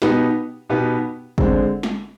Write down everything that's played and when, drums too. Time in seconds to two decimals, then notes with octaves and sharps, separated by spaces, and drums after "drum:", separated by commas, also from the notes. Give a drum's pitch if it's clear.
0.02 B2 B3 D#4 G4 B4, drum: snare
0.69 B2 B3 D#4 G4 B4
1.38 D3 G#3 C4, drum: kick G#1
1.83 drum: snare